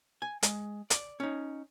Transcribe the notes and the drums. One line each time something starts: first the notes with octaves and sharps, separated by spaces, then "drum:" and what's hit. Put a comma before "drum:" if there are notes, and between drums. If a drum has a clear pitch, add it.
G#5
G#3, drum: hi-hat
D5, drum: hi-hat
C#4 D#4